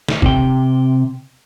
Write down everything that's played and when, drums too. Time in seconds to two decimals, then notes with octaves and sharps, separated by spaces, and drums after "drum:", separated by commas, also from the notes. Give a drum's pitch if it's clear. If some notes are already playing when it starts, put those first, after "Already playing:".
0.08 drum: snare
0.22 C3 G5, drum: kick